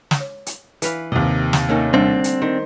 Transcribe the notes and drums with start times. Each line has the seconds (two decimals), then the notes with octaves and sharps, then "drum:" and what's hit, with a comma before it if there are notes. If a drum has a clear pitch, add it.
0.11 drum: snare
0.20 C#5
0.46 drum: hi-hat
0.82 E3 B4 F5, drum: hi-hat
1.12 D#2 C3 D#5
1.53 drum: snare
1.69 D#3 A3 A#3 C#4 A#4 G#5
1.94 D3 G3 C4 D4
2.24 drum: hi-hat
2.42 D#3 C5